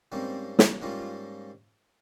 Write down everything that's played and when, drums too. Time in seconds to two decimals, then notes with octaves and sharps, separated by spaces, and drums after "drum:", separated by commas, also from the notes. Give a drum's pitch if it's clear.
0.12 G#2 G3 A#3 C4 C#4
0.59 drum: snare
0.82 G#2 G3 A#3 C#4 F4